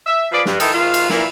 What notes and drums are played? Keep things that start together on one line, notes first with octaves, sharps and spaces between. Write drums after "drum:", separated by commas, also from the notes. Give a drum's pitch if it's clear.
E5
F3 G#4 B4 D5
G2, drum: snare
D#3 E3 D#4 E4 A4, drum: cymbal
G#2 D#3 F4
drum: cymbal
A#2 E3 A#3 E4, drum: snare